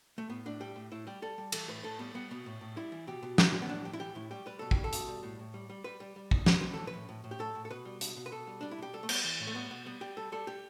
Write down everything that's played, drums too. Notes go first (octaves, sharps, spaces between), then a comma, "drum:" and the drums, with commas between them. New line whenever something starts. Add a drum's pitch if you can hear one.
A3
A2 B3
A2 D4
G3 G4
A2
A2 E4
G3 G4
G3 A4
G3
E3 A4, drum: cymbal
A2 B4
A2 A4
G3 B3
G3 B3
B2 B3
A2
A2
G3 E4
E3
B2 G4
B2
A2 E4, drum: snare
G3
B3
A2 D4
A2 G4
E4
E3 G4
A2 E4
G3 G4
G3 B4
B2 A4
G4, drum: kick
G3
A4
B2, drum: hi-hat
G3
A2
A2
G3
G3
G3 B4
G3
G3
B2, drum: kick
G3, drum: snare
B2 B4
A2 A4
B4
A2
A2
A2
G4
A2 A4
A2
A4
B2 B4
G3
B2, drum: hi-hat
B2
B4
B2 A4
G3
G3 D4
E4
B2 G4
G3 A4
A3
G3 B3, drum: cymbal
E3
A2
A3
G3 B3
B2 B3
G3 B3
G3 G4
G3 A4
G3 A4
G3 G4